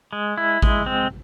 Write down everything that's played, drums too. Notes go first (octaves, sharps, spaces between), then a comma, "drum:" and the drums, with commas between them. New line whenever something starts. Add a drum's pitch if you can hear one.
G#3
E4
G#3, drum: kick A1
C4